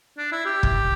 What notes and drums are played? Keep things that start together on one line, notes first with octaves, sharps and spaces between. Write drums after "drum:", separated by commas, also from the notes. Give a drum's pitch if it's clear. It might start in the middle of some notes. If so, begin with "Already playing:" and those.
D4
E4
G4
drum: kick